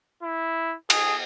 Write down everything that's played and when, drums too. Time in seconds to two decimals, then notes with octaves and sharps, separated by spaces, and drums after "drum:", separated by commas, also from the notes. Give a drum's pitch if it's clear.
0.23 E4
0.90 G#4, drum: cymbal